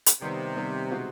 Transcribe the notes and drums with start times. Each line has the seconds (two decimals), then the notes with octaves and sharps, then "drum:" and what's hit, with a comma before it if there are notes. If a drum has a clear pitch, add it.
0.06 drum: hi-hat
0.21 C3 D#3 G3 B3 D#4
0.56 D#3 G3 B3 D#4
0.89 B2 G#3 C4 D#4 F#4